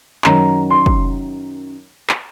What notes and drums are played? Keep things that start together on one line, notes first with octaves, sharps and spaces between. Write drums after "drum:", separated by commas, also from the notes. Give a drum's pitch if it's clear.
F#2 D#3 F#3 A#5, drum: clap
C6
drum: kick
drum: clap